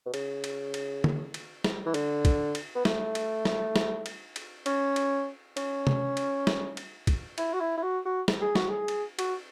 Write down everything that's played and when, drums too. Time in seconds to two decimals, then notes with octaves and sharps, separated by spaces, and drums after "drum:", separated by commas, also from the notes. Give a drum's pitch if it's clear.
0.06 B2
0.14 C#3, drum: cymbal
0.44 drum: cymbal
0.74 drum: cymbal
1.04 drum: tom D3
1.34 drum: cymbal
1.64 drum: snare
1.86 E3
1.94 D3, drum: cymbal
2.25 drum: kick, cymbal
2.55 drum: cymbal
2.75 B3
2.85 A3, drum: snare
3.15 drum: cymbal
3.45 drum: snare
3.76 drum: snare
4.06 drum: cymbal
4.36 drum: cymbal
4.66 C#4, drum: cymbal
4.96 drum: cymbal
5.57 C#4, drum: cymbal
5.87 drum: tom C3
6.17 drum: cymbal
6.47 drum: snare
6.77 drum: cymbal
7.07 drum: kick, cymbal
7.38 E4, drum: cymbal
7.53 F#4
7.60 E4
7.77 E4
7.83 F#4
8.05 F#4
8.28 drum: snare
8.42 G#4
8.55 F#4, drum: snare
8.69 G#4
8.88 drum: cymbal
9.19 F#4, drum: cymbal